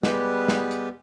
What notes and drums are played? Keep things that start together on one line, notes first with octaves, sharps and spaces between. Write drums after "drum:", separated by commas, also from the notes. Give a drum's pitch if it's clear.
G3 G#3 B3 G4 B4, drum: snare
drum: snare
drum: hi-hat